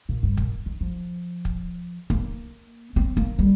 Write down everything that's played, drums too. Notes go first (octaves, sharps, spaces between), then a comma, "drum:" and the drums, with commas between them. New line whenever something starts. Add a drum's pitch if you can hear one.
A#2
G2
A#2, drum: kick
D#3
F3
drum: kick
A#3, drum: kick
C4
A#3, drum: kick
G3